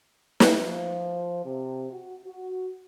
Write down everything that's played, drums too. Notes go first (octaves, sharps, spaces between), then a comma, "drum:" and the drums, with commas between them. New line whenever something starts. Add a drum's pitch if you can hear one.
drum: snare
F3
C3
F#4
F#4